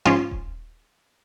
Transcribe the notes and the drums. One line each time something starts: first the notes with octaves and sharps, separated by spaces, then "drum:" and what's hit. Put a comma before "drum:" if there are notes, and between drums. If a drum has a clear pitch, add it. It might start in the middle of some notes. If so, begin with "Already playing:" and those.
G#2 F3 C#4 F4
drum: kick D#1